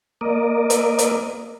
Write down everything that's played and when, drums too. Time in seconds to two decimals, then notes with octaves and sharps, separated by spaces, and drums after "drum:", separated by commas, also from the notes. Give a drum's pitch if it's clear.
0.21 A#3 A#4 D5 D#5
0.70 drum: hi-hat
0.99 drum: hi-hat